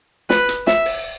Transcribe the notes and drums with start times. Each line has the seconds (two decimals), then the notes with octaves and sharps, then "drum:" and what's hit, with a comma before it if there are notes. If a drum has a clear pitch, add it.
0.30 B4, drum: snare
0.49 drum: hi-hat
0.67 E5, drum: snare
0.85 drum: open hi-hat